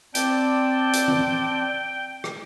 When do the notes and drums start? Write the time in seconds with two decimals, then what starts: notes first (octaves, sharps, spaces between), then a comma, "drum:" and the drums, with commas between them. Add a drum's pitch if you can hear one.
0.15 C4 D5 G5 A5, drum: hi-hat
0.93 drum: hi-hat
1.08 drum: tom
2.24 drum: rim click